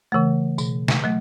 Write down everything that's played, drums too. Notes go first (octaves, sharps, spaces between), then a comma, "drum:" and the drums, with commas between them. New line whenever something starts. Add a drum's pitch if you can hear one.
C#3 E3 A3
B2, drum: tambourine
drum: snare
F#3 A3